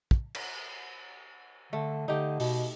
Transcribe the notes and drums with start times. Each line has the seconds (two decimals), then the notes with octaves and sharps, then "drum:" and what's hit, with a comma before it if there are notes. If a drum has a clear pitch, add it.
0.11 drum: kick
0.35 drum: cymbal
1.73 D3 A3
2.08 D3 D#4 G4
2.40 B2, drum: open hi-hat